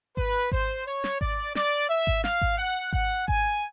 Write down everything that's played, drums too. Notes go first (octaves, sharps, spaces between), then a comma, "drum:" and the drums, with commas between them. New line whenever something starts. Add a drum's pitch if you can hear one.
B4, drum: kick G#1
C5, drum: kick G#1
C#5
drum: snare
D5, drum: kick G#1
D5, drum: snare
E5
drum: kick G#1
F5, drum: snare
drum: kick G#1
F#5
F#5, drum: kick G#1
G#5, drum: kick G#1